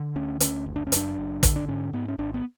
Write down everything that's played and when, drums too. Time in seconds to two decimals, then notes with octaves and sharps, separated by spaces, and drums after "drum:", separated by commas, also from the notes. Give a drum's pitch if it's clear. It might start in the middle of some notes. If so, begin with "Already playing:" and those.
Already playing: D3
0.16 D2 C#4
0.40 D2 C#4, drum: hi-hat
0.66 F#1
0.76 D4
0.87 C#4
0.92 F#2 D4, drum: hi-hat
1.17 F#1
1.43 D3, drum: kick, hi-hat
1.56 D4
1.68 G#2 C#4
1.93 G#2 B3
2.08 C#4
2.19 G#1 D4
2.34 B3